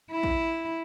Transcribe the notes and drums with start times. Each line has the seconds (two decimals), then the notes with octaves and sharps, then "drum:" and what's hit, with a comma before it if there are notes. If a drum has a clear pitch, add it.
0.11 E4
0.23 drum: kick A1